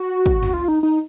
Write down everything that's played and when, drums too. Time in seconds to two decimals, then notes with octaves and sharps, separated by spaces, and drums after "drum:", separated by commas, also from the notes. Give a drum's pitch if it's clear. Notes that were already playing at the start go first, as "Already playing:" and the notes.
Already playing: F#4
0.26 drum: kick
0.43 drum: tom
0.53 F4
0.68 D#4
0.83 D#4